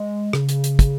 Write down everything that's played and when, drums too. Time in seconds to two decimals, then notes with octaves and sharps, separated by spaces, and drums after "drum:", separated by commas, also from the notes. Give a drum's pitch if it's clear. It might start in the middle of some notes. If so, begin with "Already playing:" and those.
Already playing: G#3
0.33 C#3, drum: rim click
0.49 drum: hi-hat
0.64 drum: hi-hat
0.79 drum: kick, hi-hat